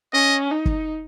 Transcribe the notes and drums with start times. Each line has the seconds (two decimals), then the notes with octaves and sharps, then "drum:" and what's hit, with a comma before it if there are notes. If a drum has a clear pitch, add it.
0.13 C#4 D#5
0.51 D#4
0.66 drum: kick